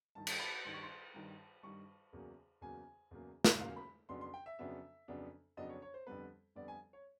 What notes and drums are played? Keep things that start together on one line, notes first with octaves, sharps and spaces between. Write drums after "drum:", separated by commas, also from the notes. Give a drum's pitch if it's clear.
G2 D#3 G3 A5
drum: cymbal
B5
G2 D#3 G3 C6
C#6
C6
G2 D#3 G3
G2 D#3 G3 C#6
E2 C#3 F#3 A#3
E2 C#3 F#3 A#3 G#5
E2 C#3 F#3 A#3
drum: snare
E2 C#3 F#3 A#3 F5
B5
F2 C#3 F#3 B3 D4 C6
C6
G5
E5
F2 C#3 F#3 B3 D4 E5
F2 C#3 F#3 B3 D4
F2 C#3 F#3 B3 D4 D#5
C#5
C#5
C5
F2 D3 G3 B3 B4
F2 D3 G3 B3 D5
G#5
C#5